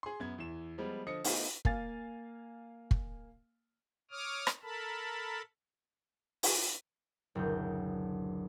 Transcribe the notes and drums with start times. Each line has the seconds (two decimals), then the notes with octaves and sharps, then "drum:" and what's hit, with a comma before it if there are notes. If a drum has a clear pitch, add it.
0.03 G#4 C6
0.20 F#2 B3 G#6
0.38 E2 E3 E7
0.78 F3 G3 G#3 B3
1.07 D3 F3 D#5 D#6 C#7
1.24 A3 B3 D#4 F4 C5 F5, drum: open hi-hat
1.65 A#3 F5 G#5 A6, drum: kick
2.91 drum: kick
4.11 C#5 D6 D#6 F6
4.47 drum: rim click
4.63 A4 A#4 A5 B5
6.43 drum: open hi-hat
7.35 F#1 D2 B2 G6